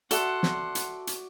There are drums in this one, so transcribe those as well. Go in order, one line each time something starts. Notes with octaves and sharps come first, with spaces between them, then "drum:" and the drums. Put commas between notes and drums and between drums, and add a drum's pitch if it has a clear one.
F#4 A4 D5 E5 F#5 C6, drum: hi-hat
drum: snare
drum: hi-hat
drum: hi-hat